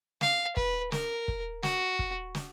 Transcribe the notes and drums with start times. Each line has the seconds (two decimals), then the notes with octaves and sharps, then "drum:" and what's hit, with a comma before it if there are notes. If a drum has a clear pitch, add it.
0.21 F5, drum: snare
0.57 B4, drum: kick
0.92 A#4, drum: snare
1.28 drum: kick
1.63 F#4, drum: snare
1.99 drum: kick
2.35 drum: snare